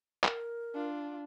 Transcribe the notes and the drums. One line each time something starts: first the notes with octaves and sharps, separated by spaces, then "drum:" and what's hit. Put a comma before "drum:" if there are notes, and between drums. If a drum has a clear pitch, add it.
A#4, drum: clap
D4 F4